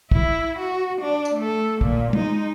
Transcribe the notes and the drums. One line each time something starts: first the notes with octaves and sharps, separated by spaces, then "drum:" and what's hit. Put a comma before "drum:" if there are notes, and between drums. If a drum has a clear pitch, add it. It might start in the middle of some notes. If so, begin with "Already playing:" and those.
E4, drum: kick
F#4
D4
drum: tambourine
A3 A4
A#2 A#3, drum: kick
G#3 D#4, drum: tom